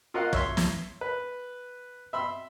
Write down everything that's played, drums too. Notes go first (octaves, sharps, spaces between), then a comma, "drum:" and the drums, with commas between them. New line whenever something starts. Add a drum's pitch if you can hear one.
F4 F#4 A#4 D#5 F5 F#5
C#5 E5 C6, drum: kick
drum: snare
B4
E5 B5 C6 E6